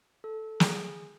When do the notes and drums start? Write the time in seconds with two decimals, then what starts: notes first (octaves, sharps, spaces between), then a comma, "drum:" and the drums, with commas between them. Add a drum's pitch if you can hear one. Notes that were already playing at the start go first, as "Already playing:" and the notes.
0.24 A4
0.60 G#4, drum: snare